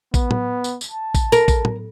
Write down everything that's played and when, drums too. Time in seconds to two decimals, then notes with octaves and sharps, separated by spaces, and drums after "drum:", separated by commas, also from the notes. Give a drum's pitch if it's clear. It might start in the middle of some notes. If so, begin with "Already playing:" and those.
0.14 B3, drum: kick, tambourine
0.31 drum: tom A2
0.64 drum: tambourine
0.81 drum: tambourine
0.91 A5
1.15 drum: kick, tambourine
1.32 A#4, drum: tambourine
1.48 drum: kick, tambourine
1.65 drum: tom A2